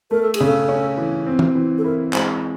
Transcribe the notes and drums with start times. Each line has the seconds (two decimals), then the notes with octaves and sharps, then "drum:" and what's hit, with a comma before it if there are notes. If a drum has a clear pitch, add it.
0.11 A3 A#4
0.22 A4
0.34 G#4, drum: cymbal
0.40 C#3
0.46 A4
0.69 C#4
0.97 E3
1.27 C4
1.39 drum: tom E3
1.55 E3
1.78 A4
1.84 E4 A#4
2.13 G#3 C5, drum: clap